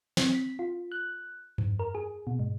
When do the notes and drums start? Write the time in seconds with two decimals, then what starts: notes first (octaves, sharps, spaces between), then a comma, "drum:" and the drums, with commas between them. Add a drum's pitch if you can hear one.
0.17 C4, drum: snare
0.35 B6
0.59 F4
0.92 F#6
1.58 F2, drum: tom G2
1.79 A#4
1.95 G#4
2.27 B2
2.39 G#2